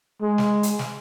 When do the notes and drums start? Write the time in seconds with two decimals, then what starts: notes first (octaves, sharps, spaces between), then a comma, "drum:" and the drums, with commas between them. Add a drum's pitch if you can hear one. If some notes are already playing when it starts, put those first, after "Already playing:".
0.21 G#3
0.38 drum: snare
0.63 drum: hi-hat
0.79 drum: snare